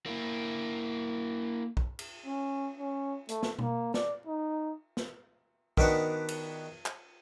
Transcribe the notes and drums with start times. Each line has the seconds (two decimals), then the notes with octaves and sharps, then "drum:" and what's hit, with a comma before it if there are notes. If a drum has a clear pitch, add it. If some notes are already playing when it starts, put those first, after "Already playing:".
0.06 A#3 E4
1.77 drum: kick
1.99 drum: cymbal
2.26 C#4
2.78 C#4
3.29 A3, drum: hi-hat
3.43 drum: snare
3.59 A#3, drum: tom B2
3.94 D5, drum: snare
4.26 D#4
4.97 drum: snare
5.77 D#3 B3 D4 F#4 B4, drum: kick
6.28 drum: cymbal
6.86 drum: clap